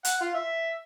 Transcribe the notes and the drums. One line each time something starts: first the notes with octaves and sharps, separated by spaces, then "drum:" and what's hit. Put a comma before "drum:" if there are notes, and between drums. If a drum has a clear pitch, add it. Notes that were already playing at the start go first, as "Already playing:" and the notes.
F#5, drum: hi-hat
F4
E5